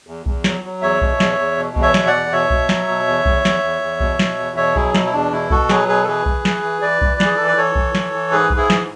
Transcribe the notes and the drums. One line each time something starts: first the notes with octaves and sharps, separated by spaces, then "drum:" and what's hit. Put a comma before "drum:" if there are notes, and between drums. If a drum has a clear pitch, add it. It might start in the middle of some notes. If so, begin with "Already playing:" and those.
E2
E2, drum: kick B1
F#3, drum: snare
F#3
E2 C#5 E5
B2, drum: kick B1
E2, drum: snare
E2
B2
E2, drum: kick B1
C#5 E5
B2, drum: snare
D5 F#5
E2
B2 C#5 E5
B2, drum: kick B1
F#3, drum: snare
B2
E2
E2, drum: kick B1
E2, drum: snare
E2
E2
B2, drum: kick B1
B2, drum: snare
E2
B2 C#5 E5
F#3 E4 G#4, drum: kick B1
B2 E4, drum: snare
E4
E2 D4
B2 E4
B2 F#4 A4, drum: kick B1
F#3 G#4 B4, drum: snare
B2 G#4 B4
A4
E3 G#4 B4
E3, drum: kick B1
E3, drum: snare
E3
E3 B4 D5
E3, drum: kick B1
E3 G#4, drum: snare
E3 A4
B4
E3 A4 C#5
E3, drum: kick B1
E3, drum: snare
E3
G#2 G#4 B4
G#2, drum: kick B1
E4 G#4
E3, drum: snare